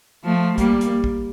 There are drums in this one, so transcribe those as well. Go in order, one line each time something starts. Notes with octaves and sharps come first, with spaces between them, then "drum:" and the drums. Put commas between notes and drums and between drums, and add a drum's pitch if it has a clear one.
F3 A3
G3 A#3, drum: kick, hi-hat
drum: hi-hat
drum: kick